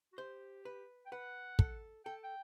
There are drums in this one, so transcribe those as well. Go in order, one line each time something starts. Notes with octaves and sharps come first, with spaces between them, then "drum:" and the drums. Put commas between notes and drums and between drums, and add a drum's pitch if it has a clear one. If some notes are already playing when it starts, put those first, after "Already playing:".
F#4
G4 C5
B4
G5
B4 F#5
A4, drum: kick
A4 G5
G5